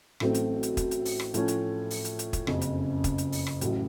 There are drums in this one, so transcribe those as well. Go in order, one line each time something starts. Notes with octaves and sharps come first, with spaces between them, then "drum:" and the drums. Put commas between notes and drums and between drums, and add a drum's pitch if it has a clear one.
A1 A2 F#3 A3 C4, drum: rim click
drum: hi-hat
drum: hi-hat
drum: kick, hi-hat
drum: hi-hat
drum: open hi-hat
drum: rim click
A2 F3 A3 C#4, drum: hi-hat
drum: hi-hat
drum: open hi-hat
drum: hi-hat
drum: hi-hat
drum: kick, hi-hat
F#1 F2 C#3, drum: rim click
drum: hi-hat
drum: kick, hi-hat
drum: hi-hat
drum: open hi-hat
drum: rim click
A1 A2 F#3, drum: hi-hat